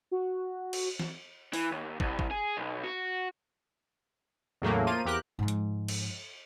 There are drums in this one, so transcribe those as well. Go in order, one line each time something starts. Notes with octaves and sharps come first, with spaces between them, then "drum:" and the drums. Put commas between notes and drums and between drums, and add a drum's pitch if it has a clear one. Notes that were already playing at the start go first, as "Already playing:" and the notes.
F#4
drum: cymbal
drum: snare
E3, drum: open hi-hat
D#2
C2, drum: kick
drum: kick
G#4
B1
F#4
E2 A2 C#3 F#3 A3 A#3
F3 A#3 F4 D#7
E2 G4 A#4 F#6
G#2 F3
drum: hi-hat
drum: cymbal